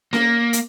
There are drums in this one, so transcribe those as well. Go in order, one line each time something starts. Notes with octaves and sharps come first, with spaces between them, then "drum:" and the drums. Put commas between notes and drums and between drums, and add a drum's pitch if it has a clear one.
A#3, drum: snare C#4
drum: hi-hat